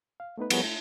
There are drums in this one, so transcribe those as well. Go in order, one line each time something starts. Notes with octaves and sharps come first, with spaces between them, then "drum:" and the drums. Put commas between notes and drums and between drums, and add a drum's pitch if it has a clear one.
F5
A3 B3 D#4 B4
F3 G3 B3 G#4 A#4 C#5, drum: cymbal
A3